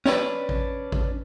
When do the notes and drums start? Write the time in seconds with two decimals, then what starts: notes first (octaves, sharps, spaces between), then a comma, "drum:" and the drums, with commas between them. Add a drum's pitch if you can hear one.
0.06 C#4 D4 B4, drum: snare
0.49 drum: kick A1
0.92 drum: kick A1